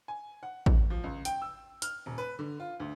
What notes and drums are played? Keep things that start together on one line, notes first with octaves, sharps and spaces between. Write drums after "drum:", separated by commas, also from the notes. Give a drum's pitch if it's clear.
G#5
F#5
drum: kick
F3
C#2
G5, drum: hi-hat
E6
F6, drum: hi-hat
D#1
B4
D3
F4
D2